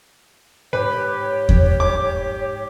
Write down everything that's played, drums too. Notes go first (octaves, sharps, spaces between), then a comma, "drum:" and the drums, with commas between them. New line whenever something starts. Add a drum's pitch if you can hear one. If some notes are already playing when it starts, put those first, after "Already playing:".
G#2 G4 B4 C#5
drum: kick E2
D6